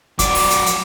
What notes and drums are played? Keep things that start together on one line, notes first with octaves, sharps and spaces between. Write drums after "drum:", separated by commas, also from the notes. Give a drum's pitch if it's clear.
F#3 D5 D6, drum: kick, hi-hat
drum: open hi-hat
drum: hi-hat
drum: hi-hat